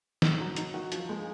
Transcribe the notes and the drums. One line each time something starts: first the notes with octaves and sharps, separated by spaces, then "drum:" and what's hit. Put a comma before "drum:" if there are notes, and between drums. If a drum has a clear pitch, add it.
D#4, drum: snare
F#3
D#4, drum: hi-hat
F#4
F3, drum: hi-hat
G#3